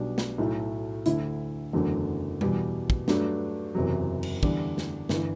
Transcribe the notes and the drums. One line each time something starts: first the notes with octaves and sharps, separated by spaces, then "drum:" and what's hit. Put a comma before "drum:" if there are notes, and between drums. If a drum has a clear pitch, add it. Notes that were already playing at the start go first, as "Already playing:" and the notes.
Already playing: B1 B2 G3 D4
drum: snare
B1 A2 F#3 A3
D2 D3 A3 E4, drum: hi-hat
F#1 E2 D3 F#3 A3
E2 B2 G3, drum: tom G3
drum: kick
G2 F#3 A3 D4, drum: snare
F#1 E2 C3 F#3
drum: cymbal
E2 D3 G3 D4, drum: kick
drum: snare
G1 E3, drum: snare